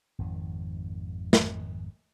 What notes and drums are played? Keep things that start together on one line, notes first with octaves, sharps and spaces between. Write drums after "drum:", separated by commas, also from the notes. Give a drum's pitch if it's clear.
G#1 F2 D#3
drum: snare